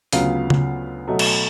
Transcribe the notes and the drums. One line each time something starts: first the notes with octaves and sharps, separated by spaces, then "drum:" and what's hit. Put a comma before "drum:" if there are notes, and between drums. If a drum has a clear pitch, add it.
D2 C#3 F#3 B3 F4 F5, drum: open hi-hat
drum: tom C#3
B2 F#3 A3
drum: cymbal